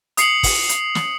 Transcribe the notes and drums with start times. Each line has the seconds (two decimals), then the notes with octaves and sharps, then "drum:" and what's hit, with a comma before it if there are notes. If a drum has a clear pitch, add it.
0.17 D#6 C7 C#7 F#7, drum: hi-hat
0.43 drum: kick, open hi-hat
0.69 drum: hi-hat
0.95 drum: snare